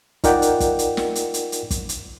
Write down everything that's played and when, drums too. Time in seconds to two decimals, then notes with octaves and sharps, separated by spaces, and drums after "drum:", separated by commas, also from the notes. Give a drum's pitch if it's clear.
0.24 D#4 F4 A#4 D5 F#5 G5, drum: kick, hi-hat
0.42 drum: hi-hat
0.60 drum: kick, hi-hat
0.79 drum: hi-hat
0.97 drum: snare
1.15 drum: hi-hat
1.34 drum: hi-hat
1.52 drum: hi-hat
1.71 drum: kick, hi-hat
1.89 drum: hi-hat